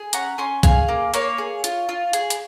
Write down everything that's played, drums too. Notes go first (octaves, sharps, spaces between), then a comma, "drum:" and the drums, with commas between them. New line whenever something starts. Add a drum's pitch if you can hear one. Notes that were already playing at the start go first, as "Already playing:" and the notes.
Already playing: G#4
C#4 F#5 A#5, drum: hi-hat
C#4 G#5 C6
G#4 F5 G#5, drum: kick, hi-hat
A#3
A#3 C#5 F5, drum: hi-hat
G#4
F4, drum: hi-hat
F4
G#4, drum: hi-hat
drum: hi-hat